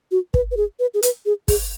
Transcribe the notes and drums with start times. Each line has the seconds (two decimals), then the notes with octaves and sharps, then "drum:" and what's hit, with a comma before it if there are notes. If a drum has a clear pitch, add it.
0.11 F#4
0.34 B4, drum: kick
0.51 B4
0.57 G#4
0.79 B4
0.94 G#4
1.03 B4, drum: hi-hat
1.26 G#4
1.48 G#4, drum: kick, open hi-hat